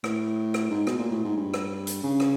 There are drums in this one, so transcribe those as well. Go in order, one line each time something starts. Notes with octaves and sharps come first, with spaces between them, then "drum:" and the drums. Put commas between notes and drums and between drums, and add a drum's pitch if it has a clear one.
A2, drum: rim click
drum: rim click
G#2
B2, drum: rim click
A#2
A2
G#2
G2
drum: rim click
drum: hi-hat
C#3
drum: rim click